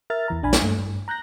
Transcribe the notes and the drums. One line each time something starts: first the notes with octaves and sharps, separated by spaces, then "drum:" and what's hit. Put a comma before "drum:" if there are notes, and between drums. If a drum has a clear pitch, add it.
A#4 E5 F6 A6
E2 E3 A#5
A#1 D4 G#5 B5
drum: snare
G2 A3
G2
A#5 F#6 G6 A#6